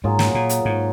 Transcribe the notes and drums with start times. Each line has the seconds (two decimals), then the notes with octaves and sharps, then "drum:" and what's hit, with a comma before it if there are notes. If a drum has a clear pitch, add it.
0.04 G#2 F#3 A#3 F4 G#4
0.19 drum: snare
0.35 A#2
0.49 drum: hi-hat
0.65 G#2